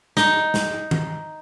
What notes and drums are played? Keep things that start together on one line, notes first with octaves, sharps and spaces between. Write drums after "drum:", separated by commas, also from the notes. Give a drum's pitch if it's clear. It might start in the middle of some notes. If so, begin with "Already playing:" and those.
D#4, drum: snare
drum: snare
drum: tom D#3